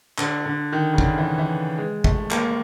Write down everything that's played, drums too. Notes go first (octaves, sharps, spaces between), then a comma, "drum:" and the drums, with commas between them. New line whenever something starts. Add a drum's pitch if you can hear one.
D3, drum: clap
D3
D#3
C#3
D3, drum: kick G#1
E3
E3
G#3
A3, drum: kick G#1
A#3, drum: clap